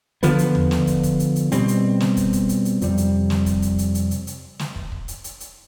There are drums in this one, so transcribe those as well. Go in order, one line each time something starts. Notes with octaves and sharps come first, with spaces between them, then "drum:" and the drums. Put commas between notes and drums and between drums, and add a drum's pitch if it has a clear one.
D3 F3 B3, drum: hi-hat
drum: hi-hat
drum: tom E2
drum: snare
drum: kick, hi-hat
drum: kick, hi-hat
drum: hi-hat
drum: hi-hat
B2 G3 C4, drum: hi-hat
drum: hi-hat
drum: snare
drum: kick, hi-hat
drum: kick, hi-hat
drum: hi-hat
drum: hi-hat
F2 C3 G3, drum: hi-hat
drum: hi-hat
drum: snare
drum: kick, hi-hat
drum: kick, hi-hat
drum: hi-hat
drum: hi-hat
drum: hi-hat
drum: hi-hat
drum: snare
drum: kick
drum: kick
drum: hi-hat
drum: hi-hat
drum: hi-hat